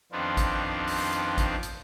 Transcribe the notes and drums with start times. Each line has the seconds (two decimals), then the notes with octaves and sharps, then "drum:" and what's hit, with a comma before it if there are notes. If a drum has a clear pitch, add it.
0.12 F2 D#3 B3 C4 D4 F4
0.37 drum: kick G#1, hi-hat
0.87 drum: open hi-hat
1.12 drum: hi-hat
1.38 drum: kick G#1, hi-hat
1.63 drum: hi-hat